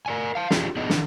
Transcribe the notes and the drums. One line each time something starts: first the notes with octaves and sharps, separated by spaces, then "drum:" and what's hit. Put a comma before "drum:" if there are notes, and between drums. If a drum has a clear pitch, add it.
A#4 D5 G#5
F5 A5
D4 F4 G4 G#4, drum: snare
B3 D4 D#4 G#4 C#5 D#5
D#3 D4, drum: snare